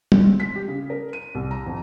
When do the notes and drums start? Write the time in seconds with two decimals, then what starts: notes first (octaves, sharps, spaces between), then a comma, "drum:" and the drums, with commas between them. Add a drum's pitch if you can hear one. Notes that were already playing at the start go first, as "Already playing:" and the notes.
0.12 drum: tom
0.24 C4
0.40 B6
0.56 G4
0.68 C#3
0.90 A#4
1.13 D#7
1.35 C2
1.51 A#5
1.66 F2